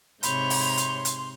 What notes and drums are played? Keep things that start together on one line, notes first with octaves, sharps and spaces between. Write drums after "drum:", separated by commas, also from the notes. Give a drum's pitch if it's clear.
G#2 C3 C#5 B5 C6 G6 F7, drum: hi-hat
drum: open hi-hat
drum: hi-hat
drum: hi-hat